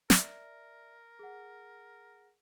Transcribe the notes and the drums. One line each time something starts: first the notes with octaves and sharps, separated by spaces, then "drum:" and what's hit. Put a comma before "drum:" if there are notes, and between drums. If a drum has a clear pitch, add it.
A#4 D5 E5, drum: snare
G#4 F#5